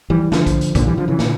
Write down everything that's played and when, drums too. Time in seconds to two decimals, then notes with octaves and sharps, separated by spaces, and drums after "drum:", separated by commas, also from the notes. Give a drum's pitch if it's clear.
0.10 E3 G3
0.32 D3 F3, drum: snare
0.47 drum: kick, hi-hat
0.61 drum: hi-hat
0.75 A#2 D3, drum: kick, hi-hat
0.87 E3 G3
0.97 D3 F3
1.08 C#3 E3
1.19 A#2 D3, drum: snare